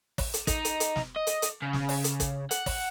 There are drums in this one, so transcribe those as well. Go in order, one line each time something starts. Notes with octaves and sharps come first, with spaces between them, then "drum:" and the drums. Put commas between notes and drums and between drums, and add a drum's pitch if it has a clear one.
drum: kick, open hi-hat
drum: hi-hat
D#4, drum: kick, hi-hat
drum: hi-hat
drum: hi-hat
drum: snare
D#5
drum: hi-hat
drum: hi-hat
C#3
drum: snare
drum: open hi-hat
drum: hi-hat
drum: kick, hi-hat
F#5, drum: hi-hat
drum: kick, open hi-hat